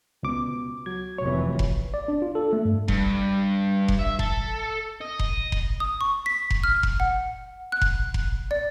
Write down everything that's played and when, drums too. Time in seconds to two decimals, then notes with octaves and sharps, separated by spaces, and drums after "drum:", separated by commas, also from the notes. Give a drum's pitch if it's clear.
0.23 C#2 B2 D6
0.86 F#3 G#6
1.18 F1 F2 E3 C#5
1.59 drum: kick F1
1.94 D5
2.08 D4
2.22 F4
2.35 A4
2.53 A3
2.65 G2
2.88 G2, drum: kick F1
3.88 drum: kick F1
3.99 E5
4.19 A4, drum: kick F1
5.01 D#5
5.19 drum: kick F1
5.52 drum: kick F1
5.80 D#6
6.01 C#6
6.26 B6
6.51 drum: kick F1
6.64 F6
6.83 drum: kick F1
7.00 F#5
7.72 F#6
7.82 drum: kick F1
8.14 drum: kick F1
8.51 D5